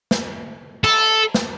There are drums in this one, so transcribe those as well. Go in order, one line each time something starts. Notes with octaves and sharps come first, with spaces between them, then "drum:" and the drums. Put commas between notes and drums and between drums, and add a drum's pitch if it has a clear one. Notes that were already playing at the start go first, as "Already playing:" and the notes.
drum: snare
A4, drum: cymbal
drum: snare